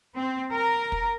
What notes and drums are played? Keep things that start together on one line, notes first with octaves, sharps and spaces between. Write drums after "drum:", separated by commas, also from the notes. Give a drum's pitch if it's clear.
C4
A#4
drum: kick